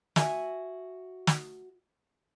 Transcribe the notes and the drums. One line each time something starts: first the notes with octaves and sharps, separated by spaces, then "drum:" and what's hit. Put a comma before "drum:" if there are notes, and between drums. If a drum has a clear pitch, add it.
F#4 E5 G#5, drum: snare
drum: snare